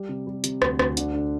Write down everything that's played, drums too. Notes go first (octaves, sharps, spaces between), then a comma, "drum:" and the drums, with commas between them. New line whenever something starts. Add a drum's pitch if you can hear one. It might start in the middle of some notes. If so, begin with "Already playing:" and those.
Already playing: G3
C3
G3
C3, drum: hi-hat
D2, drum: rim click
D2, drum: rim click
D3, drum: hi-hat
D3